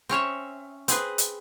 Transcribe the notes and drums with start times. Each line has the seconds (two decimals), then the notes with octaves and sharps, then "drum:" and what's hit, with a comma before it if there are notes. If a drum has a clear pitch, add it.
0.09 C4 C#4 C#5 E5
0.88 C4 G#4 B4, drum: hi-hat
1.18 drum: hi-hat